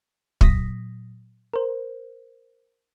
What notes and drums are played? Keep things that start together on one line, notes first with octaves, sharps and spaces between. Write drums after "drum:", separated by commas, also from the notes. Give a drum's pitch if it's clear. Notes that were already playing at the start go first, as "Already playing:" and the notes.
A#2 F#3 D#6 A#6 B6, drum: kick
A#4 C5